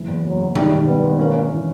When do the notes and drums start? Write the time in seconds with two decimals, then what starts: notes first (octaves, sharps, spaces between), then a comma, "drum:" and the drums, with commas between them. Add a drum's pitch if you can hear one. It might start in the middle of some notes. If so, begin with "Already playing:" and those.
Already playing: F#1 E3
0.08 E2
0.24 F#1 F#3
0.40 F#1
0.55 D#3 G3, drum: tom B2
0.72 G#1
0.87 G3 B3
1.03 G#1
1.19 A#3 C#4
1.35 C#4
1.51 E3